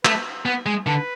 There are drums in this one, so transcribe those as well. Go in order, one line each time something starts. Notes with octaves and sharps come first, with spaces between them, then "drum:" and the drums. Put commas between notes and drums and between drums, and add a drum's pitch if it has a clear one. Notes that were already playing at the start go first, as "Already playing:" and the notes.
A3 B4, drum: clap
B3 B4
G#3
D3 B4